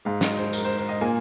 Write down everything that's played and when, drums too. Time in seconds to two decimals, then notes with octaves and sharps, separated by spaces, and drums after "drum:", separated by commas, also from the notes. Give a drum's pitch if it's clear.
0.05 G#2 G#3 F5
0.21 D#5, drum: snare
0.37 C5
0.53 A#4, drum: tambourine
0.65 C5
0.77 C5
0.89 D#5
1.01 A#2 A#3 G#5